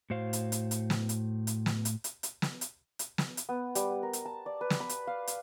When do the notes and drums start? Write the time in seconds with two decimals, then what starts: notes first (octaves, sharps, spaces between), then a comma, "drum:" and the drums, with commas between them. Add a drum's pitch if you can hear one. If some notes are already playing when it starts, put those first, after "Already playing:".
0.10 A2 F#4 C5 F5
0.33 drum: hi-hat
0.52 drum: hi-hat
0.71 drum: hi-hat
0.90 drum: snare
1.09 drum: hi-hat
1.47 drum: hi-hat
1.66 drum: snare
1.85 drum: hi-hat
2.04 drum: hi-hat
2.23 drum: hi-hat
2.42 drum: snare
2.61 drum: hi-hat
2.99 drum: hi-hat
3.18 drum: snare
3.37 drum: hi-hat
3.49 B3
3.75 G3, drum: hi-hat
3.91 F#5
4.03 A#4
4.13 drum: hi-hat
4.25 A5
4.46 D5
4.61 B4
4.70 drum: snare
4.80 B5
4.89 drum: hi-hat
5.07 F5
5.27 drum: hi-hat